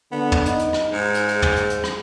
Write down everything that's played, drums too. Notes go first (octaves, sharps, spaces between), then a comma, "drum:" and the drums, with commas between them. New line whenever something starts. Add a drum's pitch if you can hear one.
D3 B3
drum: tom
D#4, drum: hi-hat
drum: hi-hat
drum: rim click
G#2 G#4
drum: hi-hat
drum: hi-hat
drum: tom
drum: hi-hat
drum: hi-hat
drum: rim click